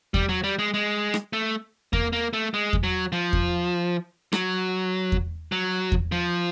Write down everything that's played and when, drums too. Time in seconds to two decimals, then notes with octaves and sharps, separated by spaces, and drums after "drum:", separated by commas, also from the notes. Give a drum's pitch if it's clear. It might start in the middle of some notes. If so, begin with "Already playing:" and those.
0.14 G3, drum: kick E2
0.29 F#3
0.44 G3
0.59 G#3
0.74 G#3
1.14 drum: rim click
1.33 A3
1.93 A#3, drum: kick E2
2.13 A#3
2.33 A3
2.54 G#3
2.73 drum: kick E2
2.84 F#3
3.12 F3
3.33 drum: kick E2
4.33 F#3, drum: rim click
5.12 drum: kick E2
5.52 F#3
5.92 drum: kick E2
6.12 F3